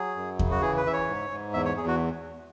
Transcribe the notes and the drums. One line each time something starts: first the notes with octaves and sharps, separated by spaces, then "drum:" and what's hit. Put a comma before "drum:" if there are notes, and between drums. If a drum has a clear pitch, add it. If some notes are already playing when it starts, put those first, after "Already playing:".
Already playing: F#3 G#4
F#2
C#3, drum: kick E2
F#4
E3 G#4
B4
E3 E5
C#5
G#2
G#2
E2 E5
C#5
E2 G#4
F#4